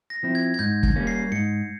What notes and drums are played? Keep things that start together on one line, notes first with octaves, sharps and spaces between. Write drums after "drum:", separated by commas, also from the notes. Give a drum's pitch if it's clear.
A#6
F3 C4 E4
G#6
G#6
G#2 G6
G#6, drum: kick
G3 A#3 C#4
C7
G#2 C#7